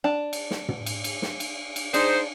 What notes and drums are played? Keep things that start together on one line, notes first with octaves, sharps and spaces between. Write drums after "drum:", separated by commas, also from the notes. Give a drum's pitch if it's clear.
D4 A5
drum: cymbal
drum: snare
drum: tom
drum: cymbal
drum: cymbal
drum: snare
drum: cymbal
drum: cymbal
D4 D#4 G#4 C5, drum: cymbal